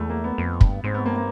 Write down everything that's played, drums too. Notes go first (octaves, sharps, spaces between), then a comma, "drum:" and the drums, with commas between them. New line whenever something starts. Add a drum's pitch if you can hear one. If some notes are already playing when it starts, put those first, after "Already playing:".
Already playing: E2 G#3 A3
A#3
B3
F2
G2, drum: kick
G#2 C4
B3
G2 A#3
A#3